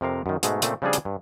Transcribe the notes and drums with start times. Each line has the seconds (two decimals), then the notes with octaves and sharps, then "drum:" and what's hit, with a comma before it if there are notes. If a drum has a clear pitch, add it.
0.01 F2 C3 A#4 F5
0.26 F#2 D#3
0.43 G#2 B2 G#3 A3, drum: hi-hat
0.62 A#2 C#3 A3 C4, drum: hi-hat
0.82 C#3 F3 G3 C4 D4 G#4
0.93 drum: hi-hat
1.05 G2